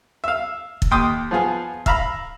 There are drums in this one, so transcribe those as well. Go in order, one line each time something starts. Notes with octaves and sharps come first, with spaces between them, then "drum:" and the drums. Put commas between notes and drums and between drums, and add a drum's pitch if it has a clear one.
E5 F5
drum: kick
D#2 G5 C6 D6 D#6
F3 B3 F4 G#4
E5 F5 A#5 B5, drum: kick